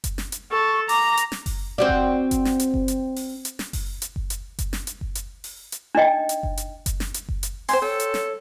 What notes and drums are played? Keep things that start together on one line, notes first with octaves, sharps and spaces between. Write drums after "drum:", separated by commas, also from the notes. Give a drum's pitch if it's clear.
drum: kick F#1, hi-hat
drum: snare
drum: hi-hat
A4 C#6
A#5 D6, drum: open hi-hat
drum: hi-hat
drum: snare
drum: kick F#1, open hi-hat
C4 F#4 D5
drum: kick F#1
drum: kick F#1, hi-hat
drum: snare
drum: hi-hat
drum: kick F#1
drum: hi-hat
drum: open hi-hat
drum: hi-hat
drum: snare
drum: kick F#1, open hi-hat
drum: hi-hat
drum: kick F#1
drum: hi-hat
drum: kick F#1, hi-hat
drum: snare
drum: hi-hat
drum: kick F#1
drum: hi-hat
drum: open hi-hat
drum: hi-hat
D4 D#4 D#5 G5
drum: hi-hat
drum: kick F#1
drum: hi-hat
drum: kick F#1, hi-hat
drum: snare
drum: hi-hat
drum: kick F#1
drum: hi-hat
C5 G5 G#5 C6, drum: open hi-hat
A4 C#5 G5
drum: hi-hat
drum: snare